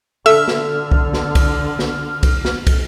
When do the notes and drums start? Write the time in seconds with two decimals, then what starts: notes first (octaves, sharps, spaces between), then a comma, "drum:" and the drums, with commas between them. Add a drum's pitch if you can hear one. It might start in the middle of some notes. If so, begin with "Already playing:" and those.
0.26 D3 A4 E5 E6 F6
0.48 drum: snare
0.91 drum: kick
1.13 drum: snare
1.35 drum: kick, cymbal
1.79 drum: snare
2.23 drum: kick, cymbal
2.45 drum: snare
2.67 drum: kick, cymbal